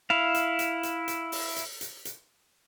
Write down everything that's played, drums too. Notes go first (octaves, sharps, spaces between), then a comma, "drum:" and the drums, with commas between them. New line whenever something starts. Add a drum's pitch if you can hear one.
E4 F5
drum: hi-hat
drum: hi-hat
drum: hi-hat
drum: hi-hat
drum: open hi-hat
drum: hi-hat
drum: hi-hat
drum: hi-hat